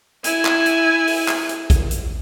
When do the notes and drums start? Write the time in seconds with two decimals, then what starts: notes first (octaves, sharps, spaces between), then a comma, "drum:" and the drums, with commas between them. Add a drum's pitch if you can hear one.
0.24 E4 G#5, drum: hi-hat
0.45 drum: clap
0.66 drum: hi-hat
1.07 drum: open hi-hat
1.28 drum: clap
1.49 drum: hi-hat
1.70 drum: kick A#1, hi-hat
1.91 drum: hi-hat